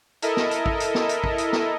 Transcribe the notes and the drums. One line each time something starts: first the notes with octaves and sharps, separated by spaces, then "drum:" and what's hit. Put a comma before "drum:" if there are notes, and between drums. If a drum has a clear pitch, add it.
E4 A4 A#4 D#5 E5, drum: hi-hat
drum: snare
drum: hi-hat
drum: kick
drum: hi-hat
drum: snare
drum: hi-hat
drum: kick
drum: hi-hat
drum: snare